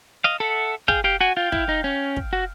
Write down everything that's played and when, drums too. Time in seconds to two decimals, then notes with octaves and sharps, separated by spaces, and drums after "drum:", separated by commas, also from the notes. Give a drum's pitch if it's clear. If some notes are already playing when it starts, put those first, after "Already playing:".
0.24 D#5 F5
0.40 A4 E5 F#5
0.88 G#4 F5 G5, drum: kick
1.04 G4 F5 G5
1.20 F#4 F#5 G#5
1.36 F4 F5 G5
1.52 E4, drum: kick
1.69 D#4
1.84 C#4
2.16 drum: kick
2.33 F#4